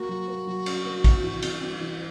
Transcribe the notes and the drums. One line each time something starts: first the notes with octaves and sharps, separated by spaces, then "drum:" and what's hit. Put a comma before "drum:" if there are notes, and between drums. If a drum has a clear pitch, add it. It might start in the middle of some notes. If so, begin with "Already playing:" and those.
Already playing: A#3 F#4
F#3
A#3
F#3
C#4, drum: cymbal
A#3
C4, drum: kick, cymbal
E3
C4, drum: cymbal
C4
E3